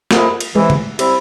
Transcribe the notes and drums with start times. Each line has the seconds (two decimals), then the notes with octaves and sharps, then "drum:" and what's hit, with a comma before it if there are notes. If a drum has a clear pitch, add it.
0.11 F2 C3 F3 G#3 A#3 E4 A#4, drum: snare
0.41 drum: cymbal
0.55 E2 C3 E3 G#3 G#4
0.70 drum: tom C#3
0.99 G3 C4 E4 G4, drum: cymbal